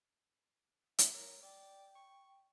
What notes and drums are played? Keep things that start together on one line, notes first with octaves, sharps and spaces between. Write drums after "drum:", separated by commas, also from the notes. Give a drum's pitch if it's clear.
B3 E5, drum: hi-hat
A#4 C#5
D5 G5
C#6